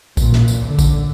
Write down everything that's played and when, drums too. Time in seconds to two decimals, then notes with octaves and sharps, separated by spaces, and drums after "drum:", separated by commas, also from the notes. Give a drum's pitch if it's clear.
0.17 A#2, drum: kick A1, tambourine
0.33 drum: snare
0.48 drum: tambourine
0.67 D3
0.79 drum: kick A1, tambourine